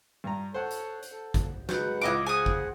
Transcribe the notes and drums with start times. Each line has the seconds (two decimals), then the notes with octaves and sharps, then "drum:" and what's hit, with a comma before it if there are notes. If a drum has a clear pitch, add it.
0.24 G2 A#5
0.54 A4 C5 C#5 F#5
0.70 drum: hi-hat
1.02 drum: hi-hat
1.12 A4
1.34 drum: kick G#1, hi-hat
1.69 F#3 G#3 B4 F#5 G6, drum: snare
2.01 C#2 E4 F4 D#5 D6
2.26 G#4 C5 F#5 G#5 D#6
2.46 drum: kick G#1